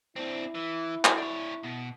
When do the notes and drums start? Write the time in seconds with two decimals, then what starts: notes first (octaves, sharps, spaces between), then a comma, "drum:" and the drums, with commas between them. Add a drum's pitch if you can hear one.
0.16 C4 D4 E4
0.55 E3
1.05 drum: clap
1.18 D4 C#5
1.64 B2